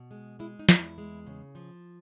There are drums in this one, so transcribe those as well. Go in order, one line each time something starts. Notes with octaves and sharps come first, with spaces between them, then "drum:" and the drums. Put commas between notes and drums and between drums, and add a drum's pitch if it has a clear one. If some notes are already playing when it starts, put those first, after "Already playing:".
Already playing: B2
G#3
G#3 E4
D#4
E2, drum: snare
E4
G#3
C#3
F3